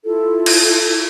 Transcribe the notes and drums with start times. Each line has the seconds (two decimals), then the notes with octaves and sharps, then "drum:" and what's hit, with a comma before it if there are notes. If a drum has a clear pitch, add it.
0.05 E4 F4 A4
0.46 drum: cymbal